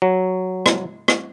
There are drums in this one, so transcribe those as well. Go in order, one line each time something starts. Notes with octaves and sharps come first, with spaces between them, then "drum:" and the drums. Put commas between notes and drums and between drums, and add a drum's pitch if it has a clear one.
F#3
drum: rim click
drum: rim click